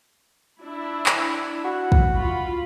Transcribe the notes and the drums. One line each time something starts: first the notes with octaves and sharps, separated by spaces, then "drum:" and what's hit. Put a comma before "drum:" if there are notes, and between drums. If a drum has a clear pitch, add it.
D4 E4
drum: clap
F#4
drum: kick
F4 B5